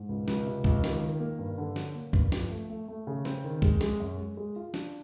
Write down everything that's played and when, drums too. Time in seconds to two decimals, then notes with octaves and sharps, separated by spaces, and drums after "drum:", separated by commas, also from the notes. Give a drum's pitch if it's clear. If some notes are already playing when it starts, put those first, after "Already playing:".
Already playing: G#2
0.09 C#2
0.28 C#2, drum: snare
0.46 C3
0.64 C#2, drum: kick C#2
0.84 D#3, drum: snare
1.01 D#3
1.20 A#3
1.39 G2
1.58 D3
1.76 F#3, drum: snare
1.95 A#3
2.13 G2, drum: kick C#2
2.32 F3, drum: snare
2.50 A3
2.69 A3
2.88 A3
3.07 C#3
3.25 C4, drum: snare
3.44 D#3
3.62 G#3, drum: kick C#2
3.81 G#3, drum: snare
4.00 F#2
4.18 G#3
4.37 G#3
4.56 F4
4.74 D4, drum: snare